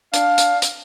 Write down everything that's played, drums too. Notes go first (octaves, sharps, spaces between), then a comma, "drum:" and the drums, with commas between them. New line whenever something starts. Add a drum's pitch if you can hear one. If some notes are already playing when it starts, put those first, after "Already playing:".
D4 F5, drum: hi-hat
drum: hi-hat
drum: hi-hat